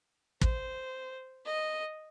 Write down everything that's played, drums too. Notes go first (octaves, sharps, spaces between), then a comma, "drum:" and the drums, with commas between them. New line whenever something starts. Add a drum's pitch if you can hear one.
C5, drum: kick
D#5